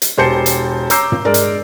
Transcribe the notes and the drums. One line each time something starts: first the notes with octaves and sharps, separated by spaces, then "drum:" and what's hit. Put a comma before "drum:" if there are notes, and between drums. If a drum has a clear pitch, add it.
drum: hi-hat
E1 G4 C5 A5 G6 C#7
drum: hi-hat
C#5 A#5 D6 E6 G6 C7, drum: hi-hat
drum: tom
G#3 D4 A#4 D5
drum: hi-hat